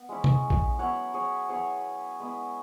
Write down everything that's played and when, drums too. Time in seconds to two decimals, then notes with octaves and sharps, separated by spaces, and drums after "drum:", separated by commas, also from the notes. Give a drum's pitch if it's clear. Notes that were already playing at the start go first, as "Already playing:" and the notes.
Already playing: B3 F#5
0.09 G#3 C#4 E4
0.24 drum: tom
0.50 drum: kick
0.79 F#3 B3 E4 C#5 F#5
1.14 G#4 C#5
1.49 F#3 B3 E4 G#4 C#5
2.20 G#3 B3 E4